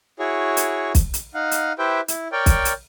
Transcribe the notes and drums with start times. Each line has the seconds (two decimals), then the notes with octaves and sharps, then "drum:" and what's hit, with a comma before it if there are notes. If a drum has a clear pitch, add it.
0.19 E4 F#4 G#4 C#5
0.57 drum: hi-hat
0.95 drum: kick, hi-hat
1.14 drum: hi-hat
1.34 D#4 F5 F#5
1.51 drum: hi-hat
1.79 E4 G4 B4 C5 E5 G5
2.08 E4, drum: hi-hat
2.32 A#4 C#5 D5 G5
2.46 drum: kick, hi-hat
2.65 drum: hi-hat